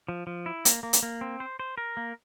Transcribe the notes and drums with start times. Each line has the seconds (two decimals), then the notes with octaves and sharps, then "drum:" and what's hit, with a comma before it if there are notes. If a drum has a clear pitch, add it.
0.08 F3
0.27 F3
0.46 E4
0.65 A#3, drum: hi-hat
0.83 A#3
0.93 drum: hi-hat
1.03 A#3
1.21 C4
1.40 C5
1.60 C5
1.78 A#4
1.97 A#3